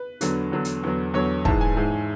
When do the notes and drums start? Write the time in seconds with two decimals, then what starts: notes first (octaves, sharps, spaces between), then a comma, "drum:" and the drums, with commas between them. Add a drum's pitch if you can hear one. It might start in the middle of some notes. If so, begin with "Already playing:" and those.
Already playing: B4
0.21 E2 D3 F#3, drum: hi-hat
0.52 E2 D3 F#3
0.65 drum: hi-hat
0.83 E2 D3 F#3
1.14 E2 D3 F#3 C#5
1.45 G#2 E3 G#3 A5, drum: kick
1.61 G#5
1.76 G#2 E3 G#3